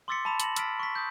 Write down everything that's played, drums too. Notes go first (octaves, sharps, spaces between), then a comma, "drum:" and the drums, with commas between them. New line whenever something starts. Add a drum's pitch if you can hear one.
C6 D6 E6 A6 B6 C#7
A5 B5 E7
A#6 C#7 F#7, drum: hi-hat
E6 F6 A6 B6 D7, drum: hi-hat
C#6 B6
D#6 G6